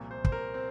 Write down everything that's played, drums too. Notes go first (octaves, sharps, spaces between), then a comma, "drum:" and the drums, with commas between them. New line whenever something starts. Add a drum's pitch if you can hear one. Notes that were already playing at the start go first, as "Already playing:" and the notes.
Already playing: C2 A#2 F3
C5
C5, drum: kick
A#4
C4